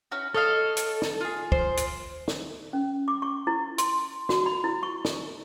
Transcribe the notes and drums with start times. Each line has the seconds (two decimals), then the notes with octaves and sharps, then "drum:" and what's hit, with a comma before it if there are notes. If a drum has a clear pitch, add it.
0.12 C#4 E4 F#4
0.34 A4 C#5 D#5 F5
0.77 drum: hi-hat
1.02 drum: snare
1.21 F4 G#4
1.52 C5, drum: kick
1.77 drum: hi-hat
2.28 drum: snare
2.73 C#4
3.08 D6
3.22 C#6
3.47 E4
3.78 C6, drum: hi-hat
4.29 F#4, drum: snare
4.46 B5
4.64 E4
4.83 C#6
5.05 drum: snare